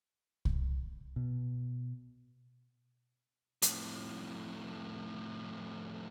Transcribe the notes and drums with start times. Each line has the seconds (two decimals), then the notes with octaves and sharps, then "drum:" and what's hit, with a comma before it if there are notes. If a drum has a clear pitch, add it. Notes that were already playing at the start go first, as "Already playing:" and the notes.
0.45 drum: kick C2
1.16 B2
3.62 F2 A2, drum: hi-hat